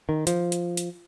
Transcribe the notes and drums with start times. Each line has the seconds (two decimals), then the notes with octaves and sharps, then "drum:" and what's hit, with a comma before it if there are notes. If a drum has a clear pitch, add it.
0.09 D#3
0.27 F3, drum: hi-hat
0.52 drum: hi-hat
0.77 drum: hi-hat